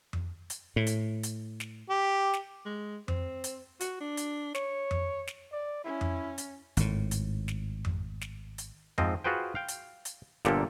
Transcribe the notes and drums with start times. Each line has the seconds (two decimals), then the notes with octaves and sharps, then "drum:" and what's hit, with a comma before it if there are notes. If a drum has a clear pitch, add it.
0.13 drum: tom F2
0.50 drum: hi-hat
0.76 A2
0.87 drum: hi-hat
1.23 drum: hi-hat
1.60 drum: snare
1.90 G4
2.34 drum: snare
2.65 G#3
3.08 C4, drum: tom F2
3.44 drum: hi-hat
3.80 F#4, drum: hi-hat
4.01 D4
4.17 drum: hi-hat
4.55 C#5, drum: snare
4.91 drum: tom F2
5.27 drum: snare
5.52 D5
5.85 C#4 E4
6.01 drum: tom F2
6.38 drum: hi-hat
6.77 G#1 A2, drum: hi-hat
7.11 drum: hi-hat
7.48 drum: snare
7.85 drum: tom F2
8.21 drum: snare
8.58 drum: hi-hat
8.98 G#2 F3 C4 D#5, drum: tom F2
9.24 F4 F#4 G#4 B4 C5 G5
9.55 F5 G5
9.68 drum: hi-hat
10.05 drum: hi-hat
10.45 G1 A#2 D3 A#3 G4 A4, drum: snare